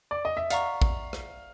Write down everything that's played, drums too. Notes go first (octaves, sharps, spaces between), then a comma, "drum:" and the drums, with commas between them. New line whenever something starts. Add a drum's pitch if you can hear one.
D5
D#5
E5
D5 F5 F#5 A#5 C#6, drum: hi-hat
drum: kick
drum: rim click